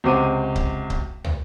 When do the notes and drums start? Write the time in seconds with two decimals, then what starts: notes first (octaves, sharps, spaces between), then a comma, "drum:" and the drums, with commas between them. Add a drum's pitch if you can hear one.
0.04 C#2 C3 F#4 C5 D6 D#7
0.56 drum: kick C#1
0.90 drum: kick C#1
1.24 drum: tom